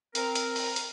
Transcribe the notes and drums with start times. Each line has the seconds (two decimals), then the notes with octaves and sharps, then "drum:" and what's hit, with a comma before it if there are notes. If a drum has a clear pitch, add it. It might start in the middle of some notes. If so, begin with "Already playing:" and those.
0.15 C4 A#4, drum: hi-hat
0.35 drum: hi-hat
0.56 drum: open hi-hat
0.76 drum: hi-hat